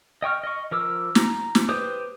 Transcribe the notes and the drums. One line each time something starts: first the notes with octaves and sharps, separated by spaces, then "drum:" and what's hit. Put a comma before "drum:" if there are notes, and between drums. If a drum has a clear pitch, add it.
D#5 G5 C#6 F6
D#5 C#6
F3 A#4 D6 E6
A#5, drum: snare
drum: snare
G4 B4 C5 D6 D#6